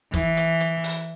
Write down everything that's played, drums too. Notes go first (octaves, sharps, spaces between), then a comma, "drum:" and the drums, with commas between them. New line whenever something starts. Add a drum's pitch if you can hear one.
E3, drum: kick, hi-hat
drum: hi-hat
drum: hi-hat
drum: open hi-hat